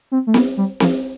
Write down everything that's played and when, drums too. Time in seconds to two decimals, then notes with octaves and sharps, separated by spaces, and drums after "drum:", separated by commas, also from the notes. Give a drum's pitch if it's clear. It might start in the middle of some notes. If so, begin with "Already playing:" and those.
0.12 C4
0.27 A3
0.34 B3, drum: snare C4
0.57 G3
0.80 F3, drum: snare C4